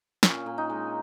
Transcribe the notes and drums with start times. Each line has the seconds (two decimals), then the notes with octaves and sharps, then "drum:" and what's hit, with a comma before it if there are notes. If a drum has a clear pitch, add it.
0.23 A#2 C#4, drum: snare
0.46 A#2
0.58 D#4
0.70 G#3